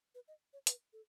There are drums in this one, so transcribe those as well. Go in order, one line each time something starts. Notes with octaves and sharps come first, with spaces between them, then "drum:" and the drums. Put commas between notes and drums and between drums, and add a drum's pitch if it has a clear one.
B4
D#5
C#5
B4, drum: hi-hat
A4